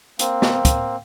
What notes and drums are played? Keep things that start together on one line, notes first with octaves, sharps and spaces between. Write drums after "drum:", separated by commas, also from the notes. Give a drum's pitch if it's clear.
A#3 C4, drum: hi-hat
drum: snare
drum: kick, hi-hat